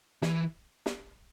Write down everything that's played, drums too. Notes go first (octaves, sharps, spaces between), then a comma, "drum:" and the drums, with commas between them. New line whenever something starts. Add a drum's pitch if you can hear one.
E3, drum: snare
drum: snare